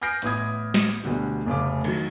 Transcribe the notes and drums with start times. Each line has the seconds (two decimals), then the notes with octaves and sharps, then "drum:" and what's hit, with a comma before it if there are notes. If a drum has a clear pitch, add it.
0.02 G#5 F6 G6 A#6 C7 D7
0.22 A1 B3 E4 B5 D#6 G#6, drum: hi-hat
0.74 drum: snare
1.04 D2 B2 D3 G3
1.46 F1 C#3 A3 D6
1.84 D#3 F#3, drum: cymbal